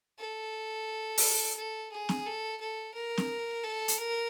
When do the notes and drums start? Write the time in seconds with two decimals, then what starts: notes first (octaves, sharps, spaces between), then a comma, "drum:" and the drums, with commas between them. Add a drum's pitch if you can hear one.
0.19 A4
1.18 drum: open hi-hat
1.57 A4
1.92 G#4
2.09 drum: snare
2.26 A4
2.61 A4
2.94 A#4
3.18 drum: snare
3.64 A4
3.88 drum: hi-hat
3.98 A#4